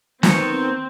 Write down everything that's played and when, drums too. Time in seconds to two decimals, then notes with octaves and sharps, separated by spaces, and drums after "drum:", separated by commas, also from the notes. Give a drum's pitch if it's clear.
0.23 D#3 B3 C4 C#6, drum: snare